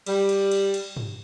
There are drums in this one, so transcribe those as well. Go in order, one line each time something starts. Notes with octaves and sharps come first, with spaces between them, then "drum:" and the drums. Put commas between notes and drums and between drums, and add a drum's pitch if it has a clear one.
G3, drum: cymbal
drum: cymbal
drum: cymbal
drum: cymbal
drum: tom